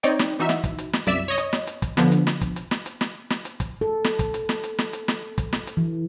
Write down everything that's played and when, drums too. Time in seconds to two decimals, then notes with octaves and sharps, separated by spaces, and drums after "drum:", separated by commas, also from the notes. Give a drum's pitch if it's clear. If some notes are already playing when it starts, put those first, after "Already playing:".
0.03 C4 D#4 C#5 D5 G5
0.19 drum: snare
0.39 E3 D#4 F#4 E5
0.49 drum: snare
0.64 drum: kick, hi-hat
0.79 drum: hi-hat
0.93 drum: snare
1.07 C2 F#2 D5 E5 B6 E7, drum: hi-hat
1.28 C#5 D#5
1.38 drum: hi-hat
1.53 drum: snare
1.67 drum: hi-hat
1.82 drum: kick, hi-hat
1.97 D3 F3 B3, drum: snare
2.12 drum: hi-hat
2.27 drum: snare
2.41 drum: kick, hi-hat
2.56 drum: hi-hat
2.71 drum: snare
2.86 drum: hi-hat
3.01 drum: snare
3.30 drum: snare
3.45 drum: hi-hat
3.60 drum: kick, hi-hat
3.81 A4
4.04 drum: snare
4.19 drum: kick, hi-hat
4.34 drum: hi-hat
4.49 drum: snare
4.64 drum: hi-hat
4.78 drum: snare
4.93 drum: hi-hat
5.08 drum: snare
5.38 drum: kick, hi-hat
5.53 drum: snare
5.67 drum: hi-hat
5.77 E3